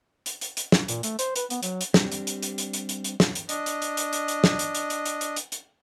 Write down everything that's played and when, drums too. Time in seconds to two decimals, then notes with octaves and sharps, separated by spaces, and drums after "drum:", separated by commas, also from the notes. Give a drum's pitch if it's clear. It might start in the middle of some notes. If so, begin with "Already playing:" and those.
0.26 drum: hi-hat
0.41 drum: hi-hat
0.57 drum: hi-hat
0.72 drum: snare
0.88 A#2, drum: hi-hat
1.03 A3, drum: hi-hat
1.19 C5, drum: hi-hat
1.36 B4, drum: hi-hat
1.50 B3, drum: hi-hat
1.63 F#3, drum: hi-hat
1.81 drum: hi-hat
1.94 G3 C4 D4 G4, drum: snare
2.12 drum: hi-hat
2.27 drum: hi-hat
2.43 drum: hi-hat
2.58 drum: hi-hat
2.73 drum: hi-hat
2.89 drum: hi-hat
3.04 drum: hi-hat
3.20 drum: snare
3.35 drum: hi-hat
3.49 D4 D#5, drum: hi-hat
3.66 drum: hi-hat
3.82 drum: hi-hat
3.97 drum: hi-hat
4.13 drum: hi-hat
4.28 drum: hi-hat
4.44 drum: snare
4.59 drum: hi-hat
4.75 drum: hi-hat
4.90 drum: hi-hat
5.06 drum: hi-hat
5.21 drum: hi-hat
5.36 drum: hi-hat
5.52 drum: hi-hat